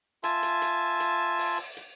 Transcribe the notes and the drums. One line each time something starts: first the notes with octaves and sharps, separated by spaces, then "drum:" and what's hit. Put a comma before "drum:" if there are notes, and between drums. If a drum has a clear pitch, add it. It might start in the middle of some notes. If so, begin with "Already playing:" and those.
F4 E5 G#5 A5, drum: hi-hat
drum: hi-hat
drum: hi-hat
drum: hi-hat
drum: open hi-hat
drum: open hi-hat
drum: hi-hat